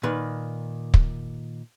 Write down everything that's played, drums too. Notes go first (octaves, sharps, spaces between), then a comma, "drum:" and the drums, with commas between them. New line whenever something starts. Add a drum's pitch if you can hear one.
A#2 D#3 B4
drum: kick